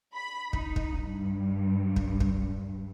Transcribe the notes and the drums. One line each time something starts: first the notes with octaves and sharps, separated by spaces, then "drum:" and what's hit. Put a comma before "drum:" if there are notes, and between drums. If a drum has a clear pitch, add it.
B5
D#4, drum: kick
drum: kick
G2
drum: kick
drum: kick